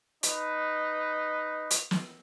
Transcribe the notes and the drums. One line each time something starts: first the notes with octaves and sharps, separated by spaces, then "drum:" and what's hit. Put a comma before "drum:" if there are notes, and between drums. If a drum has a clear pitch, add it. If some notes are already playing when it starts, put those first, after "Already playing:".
D#4 B4, drum: hi-hat
drum: hi-hat
drum: snare